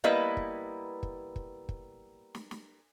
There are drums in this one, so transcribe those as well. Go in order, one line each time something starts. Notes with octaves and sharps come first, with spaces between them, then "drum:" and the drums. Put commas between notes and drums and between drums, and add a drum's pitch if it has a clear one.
G3 A#3 B3 E4 B4 D#5
drum: kick
drum: kick
drum: kick
drum: kick
drum: snare
drum: snare